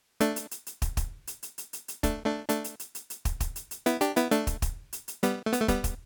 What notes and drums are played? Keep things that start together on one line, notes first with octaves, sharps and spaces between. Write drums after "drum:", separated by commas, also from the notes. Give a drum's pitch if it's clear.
A3 D4, drum: hi-hat
drum: hi-hat
drum: hi-hat
drum: hi-hat
drum: kick, hi-hat
drum: kick, hi-hat
drum: hi-hat
drum: hi-hat
drum: hi-hat
drum: hi-hat
drum: hi-hat
A3 D4, drum: kick, hi-hat
A3 D4
A3 D4, drum: hi-hat
drum: hi-hat
drum: hi-hat
drum: hi-hat
drum: hi-hat
drum: kick, hi-hat
drum: kick, hi-hat
drum: hi-hat
drum: hi-hat
B3 E4, drum: hi-hat
D4 G4, drum: hi-hat
B3 E4, drum: hi-hat
A3 D4, drum: hi-hat
drum: kick, hi-hat
drum: kick, hi-hat
drum: hi-hat
drum: hi-hat
G3 B3, drum: hi-hat
A3
B3, drum: hi-hat
A3
G3 B3, drum: kick, hi-hat
drum: kick, hi-hat